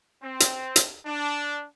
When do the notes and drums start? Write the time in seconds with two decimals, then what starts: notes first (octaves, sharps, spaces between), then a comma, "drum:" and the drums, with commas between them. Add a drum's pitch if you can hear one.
0.23 C4
0.40 drum: hi-hat
0.76 drum: hi-hat
1.06 D4